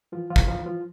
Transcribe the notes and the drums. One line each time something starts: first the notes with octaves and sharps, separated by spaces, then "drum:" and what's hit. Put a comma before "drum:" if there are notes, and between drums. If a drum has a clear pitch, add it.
E3 F3 F4
F3 F4
E3, drum: kick
F3 F4
E3
F3 F4